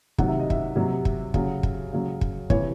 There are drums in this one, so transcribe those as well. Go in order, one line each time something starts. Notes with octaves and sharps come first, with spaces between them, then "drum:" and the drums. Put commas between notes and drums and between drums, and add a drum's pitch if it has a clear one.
C3 D#3 F#3 F#5, drum: kick
E5
D#5
E5, drum: kick
C3 F#3
drum: kick
C#3 F#3, drum: kick
drum: kick
C#3 F#3
drum: kick
C3 E3 C#5, drum: kick